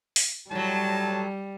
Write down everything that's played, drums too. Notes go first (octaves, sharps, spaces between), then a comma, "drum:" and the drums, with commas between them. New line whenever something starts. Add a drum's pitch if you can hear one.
drum: open hi-hat
A2 F#3 G3 A5